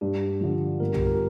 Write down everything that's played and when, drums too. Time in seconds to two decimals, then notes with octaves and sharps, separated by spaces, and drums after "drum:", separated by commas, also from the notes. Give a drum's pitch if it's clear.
0.01 G2 D4 G4
0.41 D3 F3
0.80 G1 A#4
0.94 G4, drum: tom B1
1.07 F4 A#4